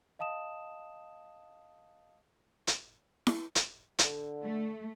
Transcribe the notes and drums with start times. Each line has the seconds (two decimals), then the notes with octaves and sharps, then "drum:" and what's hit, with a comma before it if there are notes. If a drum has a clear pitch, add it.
0.19 D#5 F5 A5 D#6 E7
2.67 drum: hi-hat
3.27 drum: snare E4
3.55 drum: hi-hat
3.99 D3, drum: hi-hat
4.44 A3